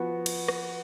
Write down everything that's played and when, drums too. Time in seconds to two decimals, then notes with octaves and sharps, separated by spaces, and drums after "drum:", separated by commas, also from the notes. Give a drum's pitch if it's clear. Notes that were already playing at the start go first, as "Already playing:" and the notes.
Already playing: F3 B3 F#4
0.26 drum: cymbal
0.48 drum: rim click